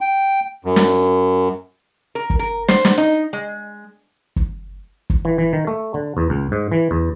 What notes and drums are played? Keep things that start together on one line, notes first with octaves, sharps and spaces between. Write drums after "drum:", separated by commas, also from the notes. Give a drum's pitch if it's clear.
G5
F#2
drum: snare
A#4
drum: kick
A#4
C5, drum: snare
drum: snare
D#4
G#3
drum: kick
drum: kick
E3
E3
D#3
A3
D3
E2
C#2
G#2
E3
E2